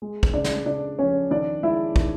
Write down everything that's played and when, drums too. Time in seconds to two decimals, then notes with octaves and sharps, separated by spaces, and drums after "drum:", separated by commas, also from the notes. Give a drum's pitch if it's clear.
0.02 G#3
0.23 drum: kick
0.33 C#3 D4 D5
0.44 drum: snare
0.66 C#3 D4 D5
0.99 F3 C#4 C#5
1.31 D#3 D4 D5
1.63 G#3 E4 E5
1.96 D#3, drum: kick